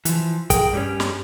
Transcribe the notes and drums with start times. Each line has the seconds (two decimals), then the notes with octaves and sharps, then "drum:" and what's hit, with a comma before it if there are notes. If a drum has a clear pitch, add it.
0.05 E3 F3, drum: hi-hat
0.50 G#4 A#4 G5, drum: kick, hi-hat
0.73 G2 G3 C#4
1.00 drum: snare